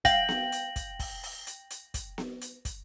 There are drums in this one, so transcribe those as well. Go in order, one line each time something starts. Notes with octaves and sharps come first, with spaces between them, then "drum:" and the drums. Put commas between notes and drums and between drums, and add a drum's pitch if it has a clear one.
F5 G5 A#6 F#7, drum: kick, hi-hat
drum: snare B3
drum: hi-hat
drum: kick, hi-hat
drum: kick, open hi-hat
drum: open hi-hat
drum: hi-hat
drum: hi-hat
drum: kick, hi-hat
drum: snare B3
drum: hi-hat
drum: kick, hi-hat